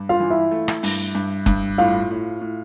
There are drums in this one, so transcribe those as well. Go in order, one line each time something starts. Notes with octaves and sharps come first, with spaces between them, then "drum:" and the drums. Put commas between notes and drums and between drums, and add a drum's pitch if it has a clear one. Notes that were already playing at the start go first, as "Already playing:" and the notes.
Already playing: G2
F4 F5
E3
E4 E5
A3
drum: rim click
G2, drum: open hi-hat
G2
G2, drum: kick F#1
A2 F4 F5
A2
A2